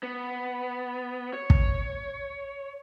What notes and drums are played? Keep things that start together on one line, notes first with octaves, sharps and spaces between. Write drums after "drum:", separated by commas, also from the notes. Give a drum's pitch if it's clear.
B3
C#5
drum: kick